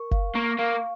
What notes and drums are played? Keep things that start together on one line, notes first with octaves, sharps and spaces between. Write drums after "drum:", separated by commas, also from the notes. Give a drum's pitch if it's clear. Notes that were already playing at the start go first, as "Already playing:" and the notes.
Already playing: A#4 C#6
F5, drum: kick F#1
A#3 C#6
A#3 F5